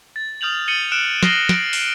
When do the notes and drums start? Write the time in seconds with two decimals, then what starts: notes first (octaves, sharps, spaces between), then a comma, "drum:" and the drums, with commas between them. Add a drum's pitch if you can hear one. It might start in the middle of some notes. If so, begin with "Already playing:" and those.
0.16 A6
0.41 D#6 F6 G6 F7 F#7
0.68 A6 C#7 D#7 F#7 G7
0.92 F6 F#6 D7 E7
1.23 D#6 F6 A#6 C7 F#7 G7, drum: snare
1.49 D7, drum: snare
1.73 drum: open hi-hat